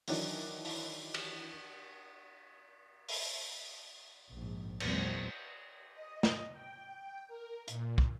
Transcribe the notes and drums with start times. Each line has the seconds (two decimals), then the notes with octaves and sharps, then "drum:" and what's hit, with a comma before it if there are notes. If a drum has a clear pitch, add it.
0.08 D#3 E3 F#3 D4 D#4, drum: open hi-hat
0.65 drum: open hi-hat
1.14 drum: cymbal
3.09 drum: open hi-hat
4.30 A#1 G#2
4.80 E2 A#2 F#3 G#3 C4, drum: cymbal
5.91 D#5
6.23 drum: snare
6.52 G5
7.27 A#4
7.68 A#2, drum: hi-hat
7.98 drum: kick